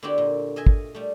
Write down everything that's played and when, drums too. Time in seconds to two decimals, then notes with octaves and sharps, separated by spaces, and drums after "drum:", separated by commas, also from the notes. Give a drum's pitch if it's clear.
0.03 D3 B3 E4 F#4 G4 D5
0.18 A#2
0.56 D#5 E5 G#5
0.67 drum: kick
0.95 G3 A3